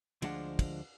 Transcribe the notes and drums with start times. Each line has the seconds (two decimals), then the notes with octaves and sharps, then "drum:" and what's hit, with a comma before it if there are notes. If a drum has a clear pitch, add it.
0.22 D2 F3 G#3 D4 F#5, drum: cymbal
0.59 drum: kick, cymbal